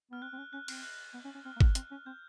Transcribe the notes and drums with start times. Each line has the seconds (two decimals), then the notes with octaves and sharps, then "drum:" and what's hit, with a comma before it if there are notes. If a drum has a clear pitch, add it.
0.11 B3 F6
0.22 C4 F#6
0.33 C4
0.38 C#4
0.53 C#4 F#6
0.68 C4, drum: cymbal
0.83 F#6
1.14 B3
1.24 C#4
1.35 C#4
1.45 C4 F6
1.56 A#3
1.61 B3, drum: kick
1.75 C4 F#6, drum: hi-hat
1.91 C#4
2.06 C4 G6